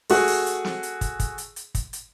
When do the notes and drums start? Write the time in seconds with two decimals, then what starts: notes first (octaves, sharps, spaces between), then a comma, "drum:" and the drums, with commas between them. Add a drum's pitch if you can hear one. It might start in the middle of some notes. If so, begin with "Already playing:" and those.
0.10 A3 F#4 G#4, drum: open hi-hat
0.28 drum: open hi-hat
0.46 drum: hi-hat
0.65 drum: snare
0.83 drum: hi-hat
1.01 drum: kick, hi-hat
1.20 drum: kick, hi-hat
1.38 drum: hi-hat
1.56 drum: hi-hat
1.75 drum: kick, hi-hat
1.93 drum: hi-hat